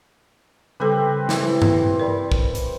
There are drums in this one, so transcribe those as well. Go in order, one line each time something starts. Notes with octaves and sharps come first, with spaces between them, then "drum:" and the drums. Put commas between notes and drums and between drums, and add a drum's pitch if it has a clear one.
C#3 G3 C4 G4 A4 B4
E3 C4, drum: snare
drum: tom G2
A#4 D5 B5
drum: kick
drum: hi-hat